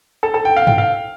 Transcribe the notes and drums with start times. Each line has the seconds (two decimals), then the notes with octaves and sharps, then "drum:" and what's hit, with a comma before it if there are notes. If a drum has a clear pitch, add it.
0.23 A4
0.34 A4
0.45 G5
0.56 F5
0.67 G5, drum: tom G2
0.78 F5